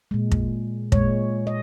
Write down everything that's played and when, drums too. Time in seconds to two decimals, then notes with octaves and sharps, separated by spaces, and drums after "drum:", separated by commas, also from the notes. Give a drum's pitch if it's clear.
0.11 A#2 G#3
0.31 drum: kick
0.92 A#2 G#3 C#5, drum: kick
1.47 D#5